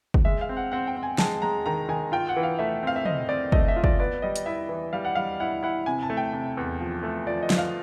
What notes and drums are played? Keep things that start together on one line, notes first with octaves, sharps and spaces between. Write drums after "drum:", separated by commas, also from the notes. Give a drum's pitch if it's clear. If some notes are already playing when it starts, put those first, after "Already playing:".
drum: kick
G#3 E5
F5
C4
F#5
C4 F#5
G5
C4
G#5
G#3 A5, drum: snare
G#3 A#5
D#3 A#5
D#3 G#5
F4 G5
F#5
E3
F5
A3 E5
C4 F5
E5
C4 D#5, drum: tom
C4 D5
A3 D#5, drum: kick
E5
F4
D5, drum: kick
B3 D5
G3 D#5
drum: hi-hat
E4 E5
E3
G3 F5
F#5
G3 F5
E4 F#5
E4 F#5
C3 G#5
A5
A3
G5
C3
E2
F3
A3
F3 D5
D#5
F3, drum: snare
F5